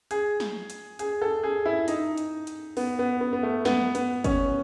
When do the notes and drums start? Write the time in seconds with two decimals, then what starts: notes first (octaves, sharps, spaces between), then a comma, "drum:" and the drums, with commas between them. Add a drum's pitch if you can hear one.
0.11 G#4, drum: hi-hat
0.40 drum: snare
0.70 drum: hi-hat
0.99 G#4, drum: hi-hat
1.21 A4
1.43 G#4
1.66 E4
1.88 D#4, drum: hi-hat
2.18 drum: hi-hat
2.47 drum: hi-hat
2.77 B3, drum: open hi-hat
2.99 B3
3.21 B3
3.33 B3
3.43 A3
3.65 B3, drum: snare
3.95 B3, drum: hi-hat
4.24 C#4, drum: kick, hi-hat